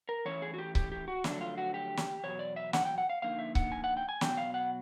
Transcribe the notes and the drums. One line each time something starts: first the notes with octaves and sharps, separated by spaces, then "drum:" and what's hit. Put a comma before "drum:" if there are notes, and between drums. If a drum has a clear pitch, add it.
A#4
E3 A3 C#4 E4 C#5
G#4
F#4
G4
G4, drum: kick C#1
G4
F#4
F2 D3 F#3 A3 D4 F4, drum: snare
F4
F#4
G4
drum: snare
E2 B2 F#3 C#5
D5
E5
F#5, drum: snare
G5
F#5
F5
D3 F3 A#3 D#4 F5
E5
F#5, drum: kick C#1
G#5
F#5
G5
G#5
B2 F#3 B3 G5, drum: snare
F5
F#5